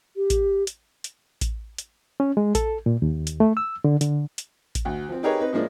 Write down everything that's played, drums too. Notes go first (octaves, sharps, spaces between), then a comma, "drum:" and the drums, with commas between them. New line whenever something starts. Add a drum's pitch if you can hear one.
G4
drum: kick A1, hi-hat
drum: hi-hat
drum: hi-hat
drum: kick A1, hi-hat
drum: hi-hat
C#4
G#3
A4, drum: kick A1, hi-hat
A#2
D#2
drum: hi-hat
A3
E6
D3
D3, drum: hi-hat
drum: hi-hat
drum: kick A1, hi-hat
D2
F3 C4
D#4 G4 G#4 A#4 B4 C#5
C4 D#4 B4
A2 F3 G#3 A#3 D4